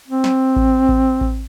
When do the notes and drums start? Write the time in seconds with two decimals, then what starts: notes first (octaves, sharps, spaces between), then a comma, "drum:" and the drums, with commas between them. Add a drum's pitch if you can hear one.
0.08 C4
0.24 drum: snare
0.56 drum: kick A1
0.89 drum: kick A1
1.21 drum: kick A1